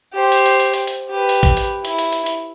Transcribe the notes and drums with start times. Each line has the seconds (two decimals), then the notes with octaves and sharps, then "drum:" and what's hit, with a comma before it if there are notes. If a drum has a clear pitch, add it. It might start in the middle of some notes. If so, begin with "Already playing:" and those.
0.14 G4 C5
0.32 drum: hi-hat
0.46 drum: hi-hat
0.60 drum: hi-hat
0.73 drum: hi-hat
0.87 drum: hi-hat
1.10 G4 B4
1.29 drum: hi-hat
1.43 drum: kick A1, hi-hat
1.57 drum: hi-hat
1.85 E4, drum: hi-hat
1.98 drum: hi-hat
2.12 drum: hi-hat
2.26 drum: hi-hat